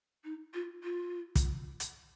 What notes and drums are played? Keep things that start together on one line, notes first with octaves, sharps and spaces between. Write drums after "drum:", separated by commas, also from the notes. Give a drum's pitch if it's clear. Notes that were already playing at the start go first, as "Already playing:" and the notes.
D#4
F4
F4
drum: kick, hi-hat
drum: hi-hat